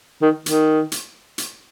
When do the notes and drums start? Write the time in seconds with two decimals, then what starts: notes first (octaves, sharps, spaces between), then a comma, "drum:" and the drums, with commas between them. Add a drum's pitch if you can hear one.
0.22 D#3
0.46 D#3, drum: hi-hat
0.92 drum: hi-hat
1.38 drum: hi-hat